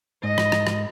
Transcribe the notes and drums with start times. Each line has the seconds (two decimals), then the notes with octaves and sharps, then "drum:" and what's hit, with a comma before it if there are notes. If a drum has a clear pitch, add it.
0.23 G#2 D#5
0.38 drum: rim click
0.52 drum: rim click
0.67 drum: rim click